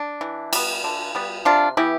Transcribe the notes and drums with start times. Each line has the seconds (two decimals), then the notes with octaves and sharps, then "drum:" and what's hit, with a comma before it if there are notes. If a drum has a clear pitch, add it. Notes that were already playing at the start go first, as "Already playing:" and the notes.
Already playing: D4
0.21 E3
0.53 G3 B3, drum: cymbal
0.84 D3
1.15 G3 B3
1.45 C3 D4 F4
1.77 E3 B3 E4 G4